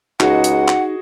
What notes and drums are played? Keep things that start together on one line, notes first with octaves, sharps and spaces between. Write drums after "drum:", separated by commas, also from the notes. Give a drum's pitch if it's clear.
C#2 D#4 F#4 G#4 D#5 F#5, drum: clap
drum: hi-hat
drum: clap